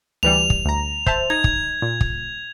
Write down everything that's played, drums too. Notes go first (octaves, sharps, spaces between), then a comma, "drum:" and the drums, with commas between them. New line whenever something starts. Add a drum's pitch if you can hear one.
D2 E3 G3 F7
drum: kick
D2 A#5
C5 E5 A5, drum: kick
D#4 G#6
drum: kick
A#2
drum: kick